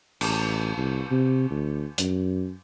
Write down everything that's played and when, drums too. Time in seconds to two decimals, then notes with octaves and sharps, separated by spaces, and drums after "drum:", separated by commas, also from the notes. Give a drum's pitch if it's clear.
0.21 A1, drum: cymbal
0.77 C2
1.11 C3
1.50 D2
1.98 F#2, drum: hi-hat